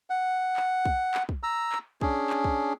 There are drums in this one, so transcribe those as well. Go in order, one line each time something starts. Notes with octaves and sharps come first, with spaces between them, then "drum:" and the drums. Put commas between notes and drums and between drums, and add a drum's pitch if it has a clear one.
F#5
drum: clap
drum: kick
drum: clap
drum: kick
A#5 E6
drum: clap
C#4 D4 G#4, drum: kick
drum: clap
drum: kick